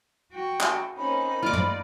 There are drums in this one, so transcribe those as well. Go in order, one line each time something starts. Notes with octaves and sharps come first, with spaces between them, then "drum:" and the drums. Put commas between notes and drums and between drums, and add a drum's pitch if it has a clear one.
F#4 G5
drum: clap
A#3 C4 C#4 D#4 B5
F4 D5 D6
drum: tom